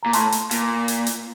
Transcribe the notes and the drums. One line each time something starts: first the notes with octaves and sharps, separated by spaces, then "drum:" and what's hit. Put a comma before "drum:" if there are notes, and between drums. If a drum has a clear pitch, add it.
A#2 A#5
A2 A5 C6, drum: hi-hat
drum: hi-hat
A#2, drum: hi-hat
drum: hi-hat
drum: hi-hat